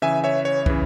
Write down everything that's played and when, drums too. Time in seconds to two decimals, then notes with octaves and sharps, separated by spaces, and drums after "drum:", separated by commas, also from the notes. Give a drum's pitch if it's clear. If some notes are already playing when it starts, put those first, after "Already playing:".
0.02 C#3 E3 E5 G#5
0.24 C#5 E5
0.45 C#5
0.66 C#3 E3, drum: kick